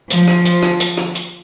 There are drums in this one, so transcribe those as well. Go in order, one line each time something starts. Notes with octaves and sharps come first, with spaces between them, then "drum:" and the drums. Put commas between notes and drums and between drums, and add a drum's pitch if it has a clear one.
F3, drum: hi-hat
drum: rim click
drum: hi-hat
drum: rim click
drum: hi-hat
drum: rim click
drum: hi-hat